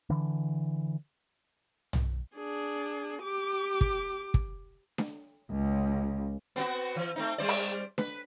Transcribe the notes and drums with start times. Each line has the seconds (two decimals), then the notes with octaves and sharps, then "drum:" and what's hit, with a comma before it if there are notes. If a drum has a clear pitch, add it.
0.10 D3 E3
1.93 drum: tom
2.36 D4 G#4
3.23 G4 D6
3.81 drum: kick
4.34 drum: kick
4.98 drum: snare D4
5.50 C#2
6.56 B3 C4 F#4, drum: hi-hat
6.96 E3
7.16 A3 C4 D#4
7.38 G3 C5 D5
7.48 drum: open hi-hat
7.98 B4, drum: snare D4